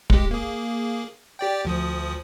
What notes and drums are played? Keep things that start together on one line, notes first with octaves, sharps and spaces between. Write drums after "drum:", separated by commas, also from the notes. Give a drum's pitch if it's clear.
G#3 G4, drum: kick
A#3 G#4
G4 D5 G5
D2 F3 D#6